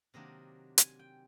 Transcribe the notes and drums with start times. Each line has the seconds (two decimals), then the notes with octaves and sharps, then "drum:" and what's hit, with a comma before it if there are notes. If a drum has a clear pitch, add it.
0.14 C3 D#3 F#3 A#3 D4 D#5
0.78 G#5, drum: hi-hat
0.99 G5